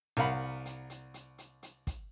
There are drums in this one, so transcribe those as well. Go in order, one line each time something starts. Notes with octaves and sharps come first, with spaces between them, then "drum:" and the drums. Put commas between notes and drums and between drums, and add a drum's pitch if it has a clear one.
C2 A#4 F5 F#5 B5
drum: hi-hat
drum: hi-hat
drum: hi-hat
drum: hi-hat
drum: hi-hat
drum: kick, hi-hat